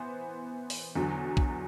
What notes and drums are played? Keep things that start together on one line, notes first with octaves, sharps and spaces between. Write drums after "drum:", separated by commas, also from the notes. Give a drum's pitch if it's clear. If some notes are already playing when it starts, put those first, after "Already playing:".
Already playing: E3 B3 C5
drum: open hi-hat
E2 D3 F#3
drum: kick